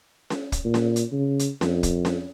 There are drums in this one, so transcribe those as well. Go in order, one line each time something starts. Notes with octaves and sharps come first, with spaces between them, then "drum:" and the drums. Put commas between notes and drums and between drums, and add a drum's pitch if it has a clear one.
drum: snare C#4
drum: kick, hi-hat
A#2
drum: snare C#4
drum: hi-hat
C#3
drum: hi-hat
F2, drum: snare C#4
drum: kick, hi-hat
drum: snare C#4